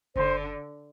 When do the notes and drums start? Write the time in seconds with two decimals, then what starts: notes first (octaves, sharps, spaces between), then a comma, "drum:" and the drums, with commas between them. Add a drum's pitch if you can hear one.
0.16 D3 C5, drum: kick F#1